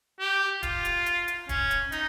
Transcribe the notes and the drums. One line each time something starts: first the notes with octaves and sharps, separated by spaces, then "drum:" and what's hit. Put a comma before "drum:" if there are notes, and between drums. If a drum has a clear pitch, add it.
G4
F4, drum: kick, hi-hat
drum: hi-hat
drum: hi-hat
drum: hi-hat
C#4, drum: kick, hi-hat
drum: hi-hat
D#4, drum: hi-hat